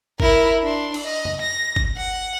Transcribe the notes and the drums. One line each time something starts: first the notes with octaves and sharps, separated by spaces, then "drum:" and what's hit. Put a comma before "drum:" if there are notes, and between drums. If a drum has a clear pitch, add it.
E4 A#4, drum: kick
D4 C6
drum: cymbal
D#5
drum: tom
A#6
drum: kick
F#5